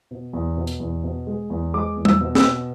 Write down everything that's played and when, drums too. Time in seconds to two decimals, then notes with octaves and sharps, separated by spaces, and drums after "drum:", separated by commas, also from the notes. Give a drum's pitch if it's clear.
0.11 B2
0.33 E2
0.57 B2
0.67 drum: hi-hat
0.80 E2
1.04 B2
1.27 G#3
1.50 E2
1.74 G#3 D6
1.96 E2
2.05 E6, drum: tom
2.21 B2
2.35 E6, drum: snare
2.43 B2